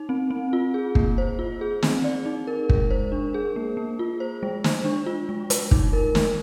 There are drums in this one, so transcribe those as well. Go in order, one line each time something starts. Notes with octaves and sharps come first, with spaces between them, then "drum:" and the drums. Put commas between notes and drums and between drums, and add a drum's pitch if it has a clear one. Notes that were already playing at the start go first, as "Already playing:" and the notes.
Already playing: D#4
C4
C4
F4
G#4
A#3, drum: kick
C5
F4
G#4
C4, drum: snare
D5
D#4
A#4
G#3, drum: kick
C5
D4
G#4
A#3
A#3
F4
C5
G#3
C5, drum: snare
D4
F4
G#3
G#3, drum: hi-hat
D#4, drum: kick
A#4
G#3, drum: snare